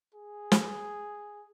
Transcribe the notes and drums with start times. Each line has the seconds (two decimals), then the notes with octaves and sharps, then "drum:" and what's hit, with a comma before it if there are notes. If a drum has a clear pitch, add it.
0.14 G#4
0.52 drum: snare